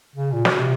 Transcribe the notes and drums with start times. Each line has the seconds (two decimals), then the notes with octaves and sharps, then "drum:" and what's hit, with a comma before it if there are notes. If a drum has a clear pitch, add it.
0.16 C#3
0.33 A#2
0.45 B2, drum: snare
0.58 C3